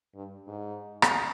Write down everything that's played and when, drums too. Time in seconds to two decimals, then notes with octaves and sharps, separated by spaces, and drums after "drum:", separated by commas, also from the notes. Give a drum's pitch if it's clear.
0.15 G2
0.47 G#2
1.02 drum: rim click